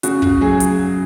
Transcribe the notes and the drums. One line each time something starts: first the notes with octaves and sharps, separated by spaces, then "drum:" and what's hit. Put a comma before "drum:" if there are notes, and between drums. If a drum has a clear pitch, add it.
C#3 F#4, drum: hi-hat
F#4, drum: kick
F#3 G#4
drum: hi-hat